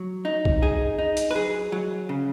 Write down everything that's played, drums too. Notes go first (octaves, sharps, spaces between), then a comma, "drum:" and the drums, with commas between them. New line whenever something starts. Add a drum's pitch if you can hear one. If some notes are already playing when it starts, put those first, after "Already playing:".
Already playing: F#3
D#4
drum: kick B1
D#4 G#4
D#4
drum: hi-hat
B4
F#3 G#4
F#3
C#3